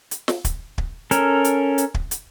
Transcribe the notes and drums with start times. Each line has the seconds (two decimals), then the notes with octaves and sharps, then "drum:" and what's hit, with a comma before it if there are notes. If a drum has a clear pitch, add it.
0.11 drum: hi-hat
0.28 drum: snare
0.45 drum: kick, hi-hat
0.78 drum: kick
1.11 C#4 A4 A#4, drum: hi-hat
1.44 drum: hi-hat
1.78 drum: hi-hat
1.94 drum: kick
2.11 drum: hi-hat